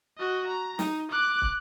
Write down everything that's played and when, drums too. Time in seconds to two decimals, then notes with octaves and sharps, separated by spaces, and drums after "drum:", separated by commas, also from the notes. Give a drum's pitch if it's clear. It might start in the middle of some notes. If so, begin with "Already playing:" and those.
0.18 F#4 D#5
0.47 A#5
0.79 D#4, drum: snare
1.12 D6 F#6
1.42 drum: kick